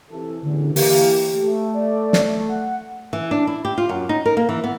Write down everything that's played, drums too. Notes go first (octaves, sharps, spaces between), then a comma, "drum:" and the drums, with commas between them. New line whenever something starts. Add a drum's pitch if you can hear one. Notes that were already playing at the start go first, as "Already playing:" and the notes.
C3 E3 A4
A1 E2 D3
E3 A#3 G4, drum: open hi-hat
A3
D5
drum: snare
F#5
E3
D4
E4
G4
F4
F#2
D#4
A#4
A#3
E3
B3